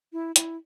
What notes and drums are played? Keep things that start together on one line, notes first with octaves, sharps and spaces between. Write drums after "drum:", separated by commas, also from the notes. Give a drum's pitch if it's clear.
E4
E4, drum: hi-hat